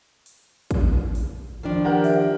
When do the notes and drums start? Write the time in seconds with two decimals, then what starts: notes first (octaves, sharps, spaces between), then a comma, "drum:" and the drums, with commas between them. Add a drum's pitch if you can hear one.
0.26 drum: open hi-hat
0.71 drum: kick, hi-hat
1.15 drum: open hi-hat
1.63 D#3 F3 D4
1.85 G4 A#4 F#5
2.04 E5, drum: open hi-hat